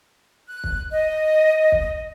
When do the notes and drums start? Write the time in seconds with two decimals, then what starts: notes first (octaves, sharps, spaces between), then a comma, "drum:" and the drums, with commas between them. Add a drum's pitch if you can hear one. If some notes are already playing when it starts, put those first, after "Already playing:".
0.49 F#6
0.64 drum: kick
0.91 D#5
1.72 drum: kick